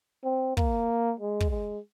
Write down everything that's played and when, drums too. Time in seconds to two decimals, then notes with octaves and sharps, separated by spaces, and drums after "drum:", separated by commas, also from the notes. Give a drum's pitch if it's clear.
0.24 C4
0.57 A#3, drum: kick
1.20 G#3
1.40 drum: kick
1.50 G#3